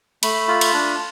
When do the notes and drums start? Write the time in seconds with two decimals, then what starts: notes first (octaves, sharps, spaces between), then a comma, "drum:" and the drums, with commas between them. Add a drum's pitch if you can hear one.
0.23 A3 B5, drum: cymbal
0.48 F4
0.61 drum: cymbal
0.74 D4